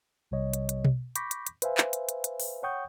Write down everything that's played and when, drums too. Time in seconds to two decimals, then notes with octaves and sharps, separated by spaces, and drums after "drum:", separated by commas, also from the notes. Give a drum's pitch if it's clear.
0.31 B1 C3 G3 C#5 D#5
0.53 drum: hi-hat
0.69 drum: hi-hat
0.85 drum: tom B2
1.16 B5 C#6 D6 G6 A#6 B6, drum: hi-hat
1.31 drum: hi-hat
1.47 drum: hi-hat
1.62 B4 C5 E5 F5 G#5, drum: hi-hat
1.78 drum: clap
1.93 drum: hi-hat
2.09 drum: hi-hat
2.24 drum: hi-hat
2.40 drum: open hi-hat
2.63 C#5 F#5 G5 C#6 D#6 G6